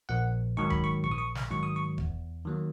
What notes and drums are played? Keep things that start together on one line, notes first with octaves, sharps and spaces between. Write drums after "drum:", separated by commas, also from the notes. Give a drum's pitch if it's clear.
A#1 F#5
G#2 D#3 F#3 C#6
B5, drum: kick E1
C#6
A#1 C#6
D#6
C#6
drum: snare
G#2 D#3 F#3 C#6
D#6
C#6
E2, drum: kick E1
D#3 F#3 A#3